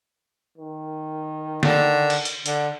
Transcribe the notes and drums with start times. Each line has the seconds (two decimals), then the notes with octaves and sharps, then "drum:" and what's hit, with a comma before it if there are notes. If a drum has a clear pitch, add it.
0.58 D#3
1.63 D3, drum: snare
2.10 drum: cymbal
2.25 drum: hi-hat
2.46 D3, drum: hi-hat